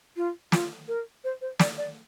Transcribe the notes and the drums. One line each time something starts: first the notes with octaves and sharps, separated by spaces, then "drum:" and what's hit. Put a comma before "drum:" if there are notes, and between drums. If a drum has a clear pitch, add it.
F4
F4, drum: snare
A#4
C5
C5
D5, drum: snare
D5